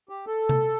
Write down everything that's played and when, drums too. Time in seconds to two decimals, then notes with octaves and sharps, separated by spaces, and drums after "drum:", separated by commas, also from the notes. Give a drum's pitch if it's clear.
0.09 G4
0.27 A4
0.49 drum: tom C3